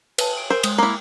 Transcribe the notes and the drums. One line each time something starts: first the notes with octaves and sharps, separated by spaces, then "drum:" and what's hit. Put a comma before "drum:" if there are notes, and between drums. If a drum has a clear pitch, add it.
B4 A5, drum: cymbal
D7 F#7
A#4 C5 E6
G#3 D#6, drum: cymbal
A#3 E4